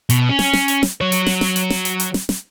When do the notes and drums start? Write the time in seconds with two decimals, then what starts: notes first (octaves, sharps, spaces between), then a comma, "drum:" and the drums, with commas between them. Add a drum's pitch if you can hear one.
0.10 B2, drum: hi-hat
0.29 C#4
0.39 drum: snare
0.53 drum: snare
0.68 drum: hi-hat
0.83 drum: snare
1.01 F#3 C#5
1.12 drum: hi-hat
1.27 drum: snare
1.41 drum: snare
1.56 drum: hi-hat
1.70 drum: snare
1.85 drum: hi-hat
2.00 drum: hi-hat
2.14 drum: snare
2.29 drum: snare